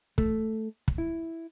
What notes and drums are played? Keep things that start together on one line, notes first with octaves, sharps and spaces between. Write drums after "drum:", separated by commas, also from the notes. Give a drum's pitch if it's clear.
A3, drum: kick
drum: kick
E4